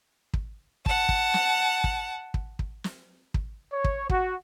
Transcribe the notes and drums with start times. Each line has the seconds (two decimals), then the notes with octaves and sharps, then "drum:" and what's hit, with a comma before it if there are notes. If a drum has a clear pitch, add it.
0.34 drum: kick
0.86 F#5 A5, drum: kick
1.09 drum: kick
1.34 drum: snare
1.84 drum: kick
2.34 drum: kick
2.59 drum: kick
2.84 drum: snare
3.34 drum: kick
3.71 C#5
3.84 drum: kick
4.10 F#4, drum: kick